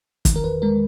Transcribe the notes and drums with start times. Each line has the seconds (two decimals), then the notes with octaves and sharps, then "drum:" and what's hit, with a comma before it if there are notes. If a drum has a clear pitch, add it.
0.25 D#3, drum: kick, hi-hat
0.36 A#4
0.44 E2 B4
0.62 G#3 A#4